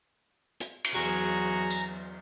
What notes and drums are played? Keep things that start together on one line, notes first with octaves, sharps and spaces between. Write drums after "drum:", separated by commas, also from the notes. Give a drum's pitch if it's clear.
drum: hi-hat
drum: cymbal
E2 F#3 F#4 G#4 A#5
drum: tambourine